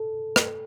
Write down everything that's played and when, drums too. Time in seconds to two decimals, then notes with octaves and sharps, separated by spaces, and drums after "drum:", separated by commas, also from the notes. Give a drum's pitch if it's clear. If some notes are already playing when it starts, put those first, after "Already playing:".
Already playing: A4
0.36 drum: rim click